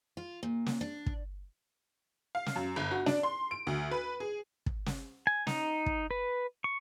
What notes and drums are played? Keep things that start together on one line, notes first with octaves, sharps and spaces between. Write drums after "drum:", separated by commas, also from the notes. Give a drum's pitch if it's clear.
F4
A#2
drum: snare
D4
drum: kick
F5
drum: snare
F#2
G1
F#4
D4, drum: snare
C6
D7
D2
B4
G#4
drum: kick
drum: snare
G#5
D#4, drum: snare
drum: kick
B4
C#6